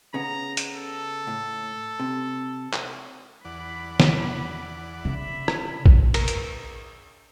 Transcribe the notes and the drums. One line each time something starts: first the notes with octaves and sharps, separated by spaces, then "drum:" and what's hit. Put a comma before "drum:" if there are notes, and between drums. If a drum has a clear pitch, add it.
C#3 B3 A#5
drum: hi-hat
A4
A2
C3
drum: clap
E2 D5 F#5 B5
drum: snare
C#3 E5 B5
drum: rim click
drum: kick A1
A#4, drum: cymbal
drum: hi-hat